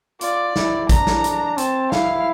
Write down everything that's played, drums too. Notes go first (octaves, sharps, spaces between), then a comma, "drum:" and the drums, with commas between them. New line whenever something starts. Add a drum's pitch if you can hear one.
F4 D5, drum: hi-hat
E4, drum: snare
D4 A#5, drum: kick A1, hi-hat
drum: snare
drum: hi-hat
C4 A5, drum: hi-hat
E4 F5, drum: snare